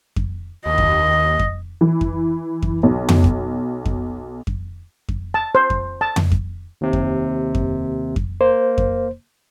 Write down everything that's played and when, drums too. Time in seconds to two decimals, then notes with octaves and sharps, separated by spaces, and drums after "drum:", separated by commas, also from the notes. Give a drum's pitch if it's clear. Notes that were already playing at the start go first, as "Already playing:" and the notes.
0.16 drum: kick F2
0.66 D#2 D#5
0.78 drum: kick F2
1.39 drum: kick F2
1.81 E3
2.01 drum: kick F2
2.62 drum: kick F2
2.83 B1
3.09 drum: tom F2
3.24 drum: kick F2
3.85 drum: kick F2
4.47 drum: kick F2
5.09 drum: kick F2
5.34 A5
5.55 C5
5.70 drum: kick F2
6.01 A5
6.16 drum: tom F2
6.32 drum: kick F2
6.81 D#2 C3
6.93 drum: kick F2
7.55 drum: kick F2
8.16 drum: kick F2
8.41 A#3 C5
8.78 drum: kick F2